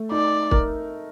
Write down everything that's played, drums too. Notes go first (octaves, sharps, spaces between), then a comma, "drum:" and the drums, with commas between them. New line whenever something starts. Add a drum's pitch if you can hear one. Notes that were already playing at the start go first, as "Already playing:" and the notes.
Already playing: A3
D#4 D5
A#4, drum: kick